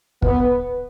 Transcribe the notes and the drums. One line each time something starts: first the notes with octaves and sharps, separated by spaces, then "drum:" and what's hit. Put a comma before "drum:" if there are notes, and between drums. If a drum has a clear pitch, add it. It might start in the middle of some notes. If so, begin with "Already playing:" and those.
B3, drum: kick